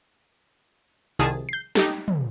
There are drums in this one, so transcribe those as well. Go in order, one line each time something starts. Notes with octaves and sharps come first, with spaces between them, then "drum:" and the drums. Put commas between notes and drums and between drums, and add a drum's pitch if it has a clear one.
C2 D#3 F3 G#4 A5, drum: tambourine
G6 C7
D#4 G4 A4, drum: snare
drum: tom